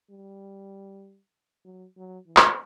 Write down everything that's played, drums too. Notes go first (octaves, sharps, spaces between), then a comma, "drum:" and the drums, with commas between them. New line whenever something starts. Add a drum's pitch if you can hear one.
G3
F#3
F#3
E3
drum: clap